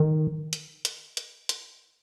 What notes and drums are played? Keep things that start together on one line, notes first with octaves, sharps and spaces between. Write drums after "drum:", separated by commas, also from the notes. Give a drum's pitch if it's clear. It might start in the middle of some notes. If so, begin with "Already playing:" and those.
Already playing: D#3
drum: hi-hat
drum: hi-hat
drum: hi-hat
drum: hi-hat